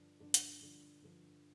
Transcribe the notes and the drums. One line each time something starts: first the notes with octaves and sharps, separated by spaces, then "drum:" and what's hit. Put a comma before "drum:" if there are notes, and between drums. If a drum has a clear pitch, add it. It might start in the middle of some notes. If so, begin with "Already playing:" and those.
Already playing: G2 D3 F3 D4
G2 D3 F3 D4
drum: hi-hat
G2 D3 F3
G2 D3 F3